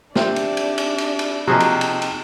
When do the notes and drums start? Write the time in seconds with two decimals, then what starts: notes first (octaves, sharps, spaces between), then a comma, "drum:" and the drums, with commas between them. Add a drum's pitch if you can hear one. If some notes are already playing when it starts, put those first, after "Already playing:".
0.15 C4 D4 G4 D5 E5, drum: snare
0.36 drum: cymbal
0.57 drum: cymbal
0.78 drum: cymbal
0.98 drum: cymbal
1.19 drum: cymbal
1.47 C3 F3 A#3 F#4 G#4 D#5 G5 D6
1.60 drum: cymbal
1.81 drum: cymbal
2.02 drum: cymbal